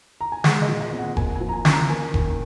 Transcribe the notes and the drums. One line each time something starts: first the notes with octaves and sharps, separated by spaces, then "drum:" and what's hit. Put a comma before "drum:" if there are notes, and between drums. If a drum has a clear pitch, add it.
A#5
G#5
G#3 F#5, drum: snare
D#5
A#2
D#5
C4
F#5
A#3 G#5, drum: kick F1
G#5
F3
A#5
G#5
C#4, drum: snare
A#5
A#3 G#5
D#3, drum: kick F1